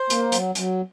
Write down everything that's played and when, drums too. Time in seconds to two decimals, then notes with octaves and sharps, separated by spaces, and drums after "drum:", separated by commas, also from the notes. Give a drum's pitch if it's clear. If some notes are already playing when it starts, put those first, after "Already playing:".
Already playing: C5
0.10 A#3, drum: hi-hat
0.32 F#3, drum: hi-hat
0.55 F#3, drum: hi-hat